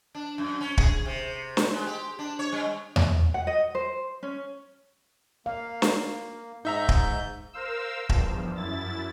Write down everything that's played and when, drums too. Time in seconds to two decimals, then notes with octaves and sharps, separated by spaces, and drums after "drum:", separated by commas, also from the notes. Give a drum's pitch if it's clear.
0.15 D4
0.38 F#2
0.61 C#4
0.78 G#4, drum: kick
1.05 C3
1.57 drum: snare
1.73 G#3
1.86 G4
2.19 D4
2.39 C#5
2.52 G3
2.96 drum: tom E2
3.34 F#5
3.47 D#5
3.75 C5
4.23 C#4
5.46 A#3 F5
5.82 drum: snare
6.65 G#2 D#4 E5 A#5 G6
6.89 drum: kick
7.53 A#4 C5 F5 E6
8.09 E2 G2 F3, drum: kick
8.56 F#2 E4 A6